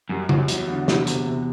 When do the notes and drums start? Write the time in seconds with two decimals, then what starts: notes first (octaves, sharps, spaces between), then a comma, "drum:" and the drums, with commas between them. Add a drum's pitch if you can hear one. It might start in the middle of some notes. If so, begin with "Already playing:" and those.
0.09 F#2 G3
0.29 F#2 F#3, drum: tom
0.48 E2 F#3, drum: hi-hat
0.68 D3
0.88 C3, drum: snare
1.07 C3, drum: hi-hat
1.27 C3